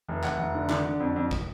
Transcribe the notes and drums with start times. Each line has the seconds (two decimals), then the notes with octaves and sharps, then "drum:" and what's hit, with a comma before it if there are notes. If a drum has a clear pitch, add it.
0.09 F1
0.23 F1 F#5, drum: clap
0.39 F1
0.55 D3
0.69 D3, drum: clap
0.85 D3
1.00 F2
1.16 F2
1.31 drum: kick